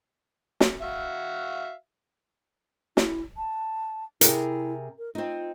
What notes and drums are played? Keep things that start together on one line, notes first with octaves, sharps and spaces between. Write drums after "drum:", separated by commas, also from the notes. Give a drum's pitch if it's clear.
drum: snare
F#4 E5 F5
E4, drum: snare
A5
C3 E4 G#4 A#4, drum: hi-hat
A#4
C4 D#4 F4